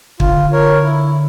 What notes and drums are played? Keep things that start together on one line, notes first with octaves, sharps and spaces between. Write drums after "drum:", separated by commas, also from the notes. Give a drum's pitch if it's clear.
D3 F4, drum: kick
A#4 C#5
E4